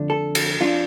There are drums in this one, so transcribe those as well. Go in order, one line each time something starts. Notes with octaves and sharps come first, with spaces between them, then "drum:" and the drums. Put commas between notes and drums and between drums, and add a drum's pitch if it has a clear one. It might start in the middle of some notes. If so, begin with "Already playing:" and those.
Already playing: F2 D3 A3 D4
A4
drum: cymbal
F2 F3 D4 F4